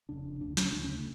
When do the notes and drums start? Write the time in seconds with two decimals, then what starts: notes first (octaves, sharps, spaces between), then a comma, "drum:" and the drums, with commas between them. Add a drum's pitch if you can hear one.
0.09 F1 F2 C#3 D4
0.41 E1 D2 C#3 D4
0.57 C#4, drum: snare
0.72 E1 D2 C#3 D4
0.83 C#4
0.94 A3